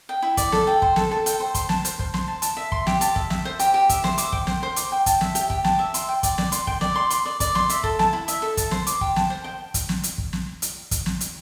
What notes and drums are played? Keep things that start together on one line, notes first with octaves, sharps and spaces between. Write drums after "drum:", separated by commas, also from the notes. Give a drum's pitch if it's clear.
G5
E4
D5, drum: kick, hi-hat
A4, drum: snare
G5
C5, drum: kick
A4, drum: snare
A4
G5, drum: hi-hat
C5
C6, drum: kick, hi-hat
A5, drum: snare
C5, drum: hi-hat
C5, drum: kick
C6, drum: snare
A5
A5, drum: hi-hat
E5
C6, drum: kick
G4, drum: snare
A5, drum: hi-hat
E5, drum: kick
E5, drum: snare
C5
G4, drum: hi-hat
G4
E5, drum: kick, hi-hat
C5, drum: snare
D6, drum: hi-hat
G5, drum: kick
C5, drum: snare
C5
D6, drum: hi-hat
G5
A5, drum: kick, hi-hat
E5, drum: snare
G4, drum: hi-hat
G4, drum: kick
A5, drum: snare
E5
C6, drum: hi-hat
G5
D5, drum: kick, hi-hat
D5, drum: snare
C6, drum: hi-hat
G5, drum: kick
D5, drum: snare
C6
C6, drum: hi-hat
D5
D5, drum: kick, hi-hat
C6, drum: snare
E5, drum: hi-hat
A4, drum: kick
A5, drum: snare
E4
E5, drum: hi-hat
A4
A5, drum: kick, hi-hat
C5, drum: snare
D6, drum: hi-hat
G4, drum: kick
A5, drum: snare
C5
G5
drum: kick, hi-hat
drum: snare
drum: hi-hat
drum: kick
drum: snare
drum: hi-hat
drum: kick, hi-hat
drum: snare
drum: hi-hat